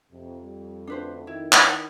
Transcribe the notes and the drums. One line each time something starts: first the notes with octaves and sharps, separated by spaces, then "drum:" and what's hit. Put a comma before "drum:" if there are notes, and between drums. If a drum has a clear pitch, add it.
F2 C3
G3
D2 D4 B4 C5
D#3 E4
drum: clap